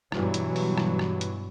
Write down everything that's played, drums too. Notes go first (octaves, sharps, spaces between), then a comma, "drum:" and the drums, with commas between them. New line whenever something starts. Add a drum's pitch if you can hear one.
G2 B2 E3 F#3, drum: rim click
drum: hi-hat
drum: open hi-hat
drum: rim click
drum: rim click
drum: hi-hat